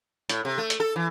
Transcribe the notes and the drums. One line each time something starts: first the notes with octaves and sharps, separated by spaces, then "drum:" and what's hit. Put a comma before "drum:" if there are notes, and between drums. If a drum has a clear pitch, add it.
A2, drum: hi-hat
C3
A3
drum: hi-hat
A4
E3